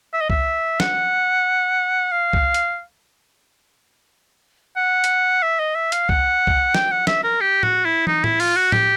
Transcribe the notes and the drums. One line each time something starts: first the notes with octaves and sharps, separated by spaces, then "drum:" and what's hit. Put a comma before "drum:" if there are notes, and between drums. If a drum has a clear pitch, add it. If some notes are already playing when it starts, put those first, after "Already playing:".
E5
D#5
E5, drum: kick C2
F#5, drum: snare
F5
drum: kick C2
drum: hi-hat
F#5
drum: hi-hat
E5
D#5
E5
F5, drum: hi-hat
F#5, drum: kick C2
drum: kick C2
G5, drum: snare
F#5
E5, drum: snare
A#4
G4
F#4, drum: tom A2
E4
D#4, drum: tom
E4, drum: tom A2
F4, drum: open hi-hat
F#4
G4, drum: tom A2